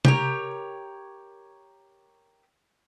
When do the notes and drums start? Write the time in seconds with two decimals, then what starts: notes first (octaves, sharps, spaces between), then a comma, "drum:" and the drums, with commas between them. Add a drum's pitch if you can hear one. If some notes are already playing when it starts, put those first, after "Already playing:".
0.05 G4 A#4 C#5, drum: tom C3